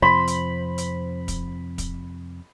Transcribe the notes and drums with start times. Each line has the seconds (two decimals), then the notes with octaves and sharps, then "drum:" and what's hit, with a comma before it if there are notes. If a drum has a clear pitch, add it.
0.02 F2 C3 F3 C5 B5
0.27 drum: hi-hat
0.78 drum: hi-hat
1.28 drum: kick, hi-hat
1.78 drum: kick, hi-hat